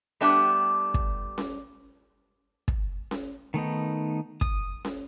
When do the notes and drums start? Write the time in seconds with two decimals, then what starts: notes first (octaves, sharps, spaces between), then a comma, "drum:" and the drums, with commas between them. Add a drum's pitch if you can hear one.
0.21 G3 A3 B3 D4 G4
0.94 drum: kick
1.38 drum: snare C#4
2.68 drum: kick
3.11 drum: snare C#4
3.54 D#3 A3 B3 D#4
4.41 D#6, drum: kick
4.85 drum: snare C#4